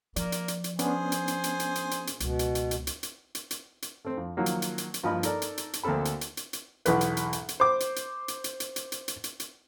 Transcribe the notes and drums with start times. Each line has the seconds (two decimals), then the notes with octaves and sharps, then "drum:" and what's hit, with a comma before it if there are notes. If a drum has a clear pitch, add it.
0.16 F3 A#3 D5, drum: hi-hat
0.32 drum: hi-hat
0.48 drum: hi-hat
0.64 drum: hi-hat
0.79 B3 C#4 D4 G#4 C5 G#5, drum: hi-hat
1.12 drum: hi-hat
1.28 drum: hi-hat
1.44 drum: hi-hat
1.60 drum: hi-hat
1.75 drum: hi-hat
1.91 drum: hi-hat
2.07 drum: hi-hat
2.20 C#2 F#2 B2, drum: hi-hat
2.39 drum: hi-hat
2.55 drum: hi-hat
2.71 drum: hi-hat
2.87 drum: hi-hat
3.03 drum: hi-hat
3.35 drum: hi-hat
3.51 drum: hi-hat
3.82 drum: hi-hat
4.05 A3 C4
4.17 F2
4.37 D#3 F3 F#3 A#3
4.46 drum: hi-hat
4.62 drum: hi-hat
4.78 drum: hi-hat
4.94 drum: hi-hat
5.03 G2 F3 A#3 D#5 B5
5.23 D#4 A4 A#4 D5, drum: hi-hat
5.42 drum: hi-hat
5.58 drum: hi-hat
5.73 drum: hi-hat
5.83 D2 A#3 C4 A4 B5
6.05 drum: hi-hat
6.21 drum: hi-hat
6.37 drum: hi-hat
6.53 drum: hi-hat
6.86 B1 E2 B4, drum: hi-hat
7.01 drum: hi-hat
7.17 drum: hi-hat
7.33 drum: hi-hat
7.49 drum: hi-hat
7.60 C5 D6
7.80 drum: hi-hat
7.96 drum: hi-hat
8.28 drum: hi-hat
8.44 drum: hi-hat
8.60 drum: hi-hat
8.76 drum: hi-hat
8.92 drum: hi-hat
9.08 drum: hi-hat
9.24 drum: hi-hat
9.40 drum: hi-hat